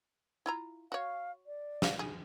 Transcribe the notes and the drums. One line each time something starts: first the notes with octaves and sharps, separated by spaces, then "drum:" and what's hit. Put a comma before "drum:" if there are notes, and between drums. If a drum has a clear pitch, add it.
E4 F4 A#5
F#4 C#5 F5
D5
F#4 F5, drum: snare
G#4